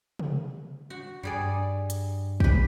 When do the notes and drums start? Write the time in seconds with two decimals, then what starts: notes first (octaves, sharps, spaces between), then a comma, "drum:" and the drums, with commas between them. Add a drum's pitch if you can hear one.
0.19 drum: tom C3
0.90 F#4
1.23 G2 G3 G#4 D5
1.90 drum: hi-hat
2.40 G4 B4, drum: kick